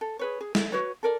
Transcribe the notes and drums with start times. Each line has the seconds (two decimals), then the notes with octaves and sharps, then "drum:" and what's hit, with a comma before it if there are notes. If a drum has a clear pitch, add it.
0.01 A4
0.19 G#4 B4 C#5
0.41 G#4
0.55 E4, drum: snare
0.72 F#4 B4 C#5
1.03 A4 A#4 D5